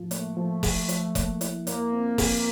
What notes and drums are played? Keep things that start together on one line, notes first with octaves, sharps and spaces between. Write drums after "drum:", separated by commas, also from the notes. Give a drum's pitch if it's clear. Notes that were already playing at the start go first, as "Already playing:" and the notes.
Already playing: A2 F3 F4
A3 A#3, drum: hi-hat
F3
A#2, drum: kick F1, open hi-hat
F3, drum: hi-hat
A#3, drum: kick F1, hi-hat
E4, drum: hi-hat
F2 A#3, drum: hi-hat
C4
F2, drum: kick F1, open hi-hat